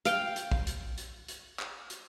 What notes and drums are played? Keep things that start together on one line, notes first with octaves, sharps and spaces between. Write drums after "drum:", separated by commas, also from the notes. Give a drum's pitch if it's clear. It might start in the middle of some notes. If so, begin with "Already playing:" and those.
F5 G5, drum: hi-hat
drum: hi-hat
drum: kick
drum: hi-hat
drum: hi-hat
drum: hi-hat
drum: clap
drum: hi-hat